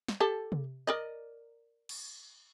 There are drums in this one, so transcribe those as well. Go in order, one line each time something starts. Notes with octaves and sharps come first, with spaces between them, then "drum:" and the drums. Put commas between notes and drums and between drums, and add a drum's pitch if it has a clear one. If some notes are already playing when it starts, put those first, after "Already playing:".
drum: snare
G4 A4 A5
drum: tom C3
A#4 D5 D#5
drum: cymbal